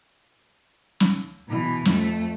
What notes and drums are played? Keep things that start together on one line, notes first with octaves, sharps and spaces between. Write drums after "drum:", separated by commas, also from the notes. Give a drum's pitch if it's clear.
drum: snare
B2 E3
F2 A3, drum: snare